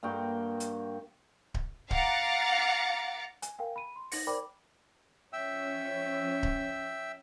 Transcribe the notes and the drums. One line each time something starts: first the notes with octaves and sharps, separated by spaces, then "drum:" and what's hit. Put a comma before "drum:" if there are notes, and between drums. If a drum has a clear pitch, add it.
G2 A#3 F#4 G5
drum: hi-hat
drum: kick D1
F5 F#5 A#5 D6 A6 C#7, drum: kick D1
G#5, drum: hi-hat
A#4 F5 G5 G#5
B5 D#7
C6
D#4 A#6 C#7, drum: open hi-hat
A#4 C5 D5 G5 B5 D6
F3 C#4 E5 G5 E6
drum: kick D1